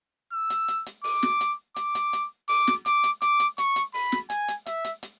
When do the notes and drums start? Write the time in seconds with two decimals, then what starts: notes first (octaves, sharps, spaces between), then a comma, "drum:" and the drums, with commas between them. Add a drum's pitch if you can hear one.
0.32 E6
0.50 drum: hi-hat
0.68 drum: hi-hat
0.86 drum: hi-hat
1.04 D6, drum: open hi-hat
1.23 drum: snare
1.41 drum: hi-hat
1.76 D6, drum: hi-hat
1.95 drum: hi-hat
2.13 drum: hi-hat
2.49 D6, drum: open hi-hat
2.67 drum: snare
2.86 D6, drum: hi-hat
3.04 drum: hi-hat
3.22 D6, drum: hi-hat
3.40 drum: hi-hat
3.58 C#6, drum: hi-hat
3.76 drum: hi-hat
3.94 B5, drum: open hi-hat
4.12 drum: snare
4.30 G#5, drum: hi-hat
4.48 drum: hi-hat
4.66 E5, drum: hi-hat
4.85 drum: hi-hat
5.03 drum: hi-hat